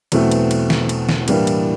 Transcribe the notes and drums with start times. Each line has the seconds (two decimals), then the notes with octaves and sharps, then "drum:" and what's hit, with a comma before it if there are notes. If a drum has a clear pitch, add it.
0.12 E2 B2 F#3 A3 C4, drum: cymbal
0.31 drum: cymbal
0.51 drum: cymbal
0.70 drum: snare
0.89 drum: cymbal
1.09 drum: snare
1.28 A2 E3 G3 A#3 D4, drum: cymbal
1.47 drum: cymbal